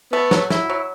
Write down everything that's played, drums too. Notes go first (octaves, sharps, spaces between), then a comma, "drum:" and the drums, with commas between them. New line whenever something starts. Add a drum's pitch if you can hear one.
A3 B3
F#3, drum: snare
E4, drum: snare
F#3